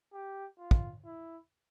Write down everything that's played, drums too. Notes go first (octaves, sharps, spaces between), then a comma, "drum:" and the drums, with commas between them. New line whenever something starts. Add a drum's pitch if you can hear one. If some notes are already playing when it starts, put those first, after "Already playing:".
G4
F4
drum: kick
E4